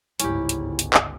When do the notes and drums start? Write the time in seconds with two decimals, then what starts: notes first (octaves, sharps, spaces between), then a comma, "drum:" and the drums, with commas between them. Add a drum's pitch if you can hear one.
0.20 G1 C#2 G#2 C#4 E4 G4, drum: hi-hat
0.49 drum: hi-hat
0.79 drum: hi-hat
0.94 drum: clap